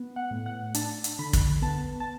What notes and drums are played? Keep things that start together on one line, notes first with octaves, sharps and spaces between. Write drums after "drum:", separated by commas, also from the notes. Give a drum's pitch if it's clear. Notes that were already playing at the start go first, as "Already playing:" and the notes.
Already playing: B3
F#5
A2
F#5
D4 A5, drum: hi-hat
drum: hi-hat
D3 B5
drum: kick, hi-hat
B3 A5
A5